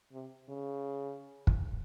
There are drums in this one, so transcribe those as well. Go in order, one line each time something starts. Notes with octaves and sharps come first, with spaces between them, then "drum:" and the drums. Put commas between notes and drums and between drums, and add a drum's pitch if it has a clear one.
C3
C#3
drum: kick